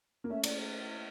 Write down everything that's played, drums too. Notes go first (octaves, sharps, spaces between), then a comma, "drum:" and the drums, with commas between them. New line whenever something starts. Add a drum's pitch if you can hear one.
A#3
A3 C#4 E5
D5, drum: cymbal